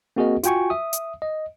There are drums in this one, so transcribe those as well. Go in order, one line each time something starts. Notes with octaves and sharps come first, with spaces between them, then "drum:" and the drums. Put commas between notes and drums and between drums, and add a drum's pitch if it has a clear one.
A#3 C4 F#4 G#4 A#4 D#5
F4 F#4 G5 G#5 C#6, drum: hi-hat
E5 D#6
drum: hi-hat
D#5